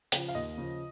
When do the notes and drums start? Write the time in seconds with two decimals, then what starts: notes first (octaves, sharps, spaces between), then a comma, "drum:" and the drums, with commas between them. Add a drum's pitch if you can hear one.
0.12 C#3 F3, drum: hi-hat
0.28 F5
0.35 D#2 D#5
0.57 C#3 F3